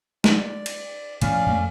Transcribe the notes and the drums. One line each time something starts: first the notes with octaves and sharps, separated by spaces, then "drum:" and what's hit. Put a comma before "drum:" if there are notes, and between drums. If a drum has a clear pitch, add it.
D5, drum: snare
drum: cymbal
A2 F3 A3 C#4 D5 F5, drum: cymbal
F2 G#3 A3